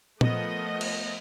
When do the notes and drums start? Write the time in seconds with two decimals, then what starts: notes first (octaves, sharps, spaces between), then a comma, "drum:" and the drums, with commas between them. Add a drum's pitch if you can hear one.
0.21 F3 A3 B3 A#4 D#5, drum: tom A#2
0.81 drum: cymbal